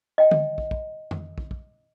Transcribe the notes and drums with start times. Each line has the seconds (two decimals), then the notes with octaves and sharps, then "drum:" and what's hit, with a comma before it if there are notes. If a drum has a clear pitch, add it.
0.18 D#5 G5
0.31 drum: tom D3
0.58 drum: kick
0.71 drum: kick
1.11 drum: tom F2
1.38 drum: kick
1.51 drum: kick